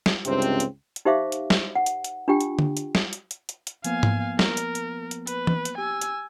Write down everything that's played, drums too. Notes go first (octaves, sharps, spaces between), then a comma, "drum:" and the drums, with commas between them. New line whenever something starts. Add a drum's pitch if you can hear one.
drum: snare
C#2 G2 C3 C4, drum: hi-hat
drum: hi-hat
drum: hi-hat
drum: hi-hat
D#4 G4 C5 E5 F5 D6
drum: hi-hat
drum: snare
F#5
drum: hi-hat
drum: hi-hat
D4 F4 G4 G5
drum: hi-hat
drum: tom D3
drum: hi-hat
drum: snare
drum: hi-hat
drum: hi-hat
drum: hi-hat
drum: hi-hat
F3 A#3 B3 F5 G#5, drum: hi-hat
drum: tom G#2
A#4, drum: snare
drum: hi-hat
drum: hi-hat
drum: hi-hat
B4, drum: hi-hat
drum: tom E3
drum: hi-hat
G4 G#5 E6
drum: hi-hat